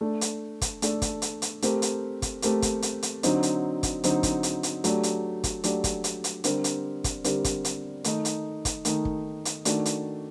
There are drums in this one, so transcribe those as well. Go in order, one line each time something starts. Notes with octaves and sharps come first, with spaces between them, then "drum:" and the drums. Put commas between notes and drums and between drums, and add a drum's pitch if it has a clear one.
A3 D4 A4
drum: hi-hat
drum: kick, hi-hat
A3 D4 A4, drum: hi-hat
drum: kick, hi-hat
drum: hi-hat
drum: hi-hat
A3 C4 G4 A#4, drum: hi-hat
drum: hi-hat
drum: kick, hi-hat
A3 C4 G4 A#4, drum: hi-hat
drum: kick, hi-hat
drum: hi-hat
drum: hi-hat
D3 F#3 C4 D#4, drum: hi-hat
drum: hi-hat
drum: kick, hi-hat
D3 F#3 C4 D#4, drum: hi-hat
drum: kick, hi-hat
drum: hi-hat
drum: hi-hat
F#3 A3 D4 G4, drum: hi-hat
drum: hi-hat
drum: kick, hi-hat
F#3 A3 D4 G4, drum: hi-hat
drum: kick, hi-hat
drum: hi-hat
drum: hi-hat
D3 G3 C4 G4 A#4, drum: hi-hat
drum: hi-hat
drum: kick, hi-hat
D3 G3 C4 G4 A#4, drum: hi-hat
drum: kick, hi-hat
drum: hi-hat
D#3 A3 D#4, drum: hi-hat
drum: hi-hat
drum: kick, hi-hat
D#3 A3 D#4, drum: hi-hat
drum: kick
drum: hi-hat
D#3 A3 D4 F#4, drum: hi-hat
drum: hi-hat